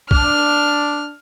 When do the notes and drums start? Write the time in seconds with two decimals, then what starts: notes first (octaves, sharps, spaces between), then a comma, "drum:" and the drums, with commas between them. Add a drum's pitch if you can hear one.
0.11 D4 F6, drum: kick B1